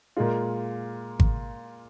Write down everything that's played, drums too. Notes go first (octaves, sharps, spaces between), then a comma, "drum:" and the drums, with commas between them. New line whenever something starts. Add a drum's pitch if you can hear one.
A#2 G#3 F4
drum: kick G#1